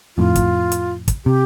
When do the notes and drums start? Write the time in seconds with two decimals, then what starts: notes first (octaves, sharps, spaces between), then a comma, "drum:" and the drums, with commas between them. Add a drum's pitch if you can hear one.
0.17 F2 A2 F4
0.35 drum: kick, hi-hat
0.72 drum: hi-hat
1.08 drum: kick, hi-hat
1.25 C3 G4